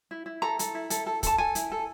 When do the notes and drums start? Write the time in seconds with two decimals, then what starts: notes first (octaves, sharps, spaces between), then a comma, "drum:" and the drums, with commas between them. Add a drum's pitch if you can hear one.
0.11 E4
0.26 E4
0.42 A4 A#5
0.59 A4, drum: hi-hat
0.75 E4
0.90 A4, drum: hi-hat
1.06 A4
1.23 A4 A5, drum: kick, hi-hat
1.38 A4 G#5
1.55 E4, drum: hi-hat
1.72 A4